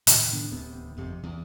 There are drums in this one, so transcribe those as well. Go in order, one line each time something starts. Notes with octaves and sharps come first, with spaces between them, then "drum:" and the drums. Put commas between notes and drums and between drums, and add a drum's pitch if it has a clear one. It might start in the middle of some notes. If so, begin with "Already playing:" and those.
A2 C3 D#3, drum: hi-hat
A2 D#3 B3 D4
D1 D#2 C3 B3
G1 F2 C3
E2